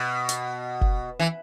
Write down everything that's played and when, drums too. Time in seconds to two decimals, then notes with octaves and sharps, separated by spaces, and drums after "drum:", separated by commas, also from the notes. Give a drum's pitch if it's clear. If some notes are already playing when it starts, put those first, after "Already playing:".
Already playing: B2
0.29 drum: hi-hat
0.81 drum: kick F#1
1.20 E3